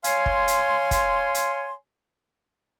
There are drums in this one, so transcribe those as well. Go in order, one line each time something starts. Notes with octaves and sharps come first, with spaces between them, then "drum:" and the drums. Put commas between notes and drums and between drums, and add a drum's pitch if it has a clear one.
C#5 F5 G#5 C6, drum: hi-hat
drum: kick
drum: hi-hat
drum: kick, hi-hat
drum: hi-hat